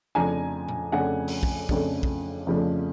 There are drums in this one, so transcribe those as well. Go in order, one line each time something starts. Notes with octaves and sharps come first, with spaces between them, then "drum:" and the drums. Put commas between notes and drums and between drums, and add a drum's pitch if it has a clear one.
F2 C#3 F3 A3 D4 G#5 A#5
drum: tom A#2
F2 C#3 F3 A3 D4 F#5 G#5
drum: open hi-hat
drum: kick
F2 C#3 F3 A3 D4, drum: kick
drum: kick
F2 C#3 F3 A3 D4